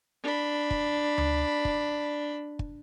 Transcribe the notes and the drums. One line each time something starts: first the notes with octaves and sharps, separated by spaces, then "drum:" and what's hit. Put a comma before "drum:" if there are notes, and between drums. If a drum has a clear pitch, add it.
D4 B5
drum: kick
drum: tom D2
drum: kick
drum: kick